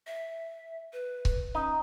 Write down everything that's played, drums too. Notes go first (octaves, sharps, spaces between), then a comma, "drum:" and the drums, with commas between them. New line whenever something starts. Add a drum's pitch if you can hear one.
E5
B4
drum: kick C#1
C#4 D#4